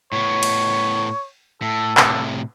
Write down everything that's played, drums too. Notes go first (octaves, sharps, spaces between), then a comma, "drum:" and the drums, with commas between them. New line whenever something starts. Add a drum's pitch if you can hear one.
A2 B3 C#5
drum: cymbal
A2 A4
A2 C3, drum: clap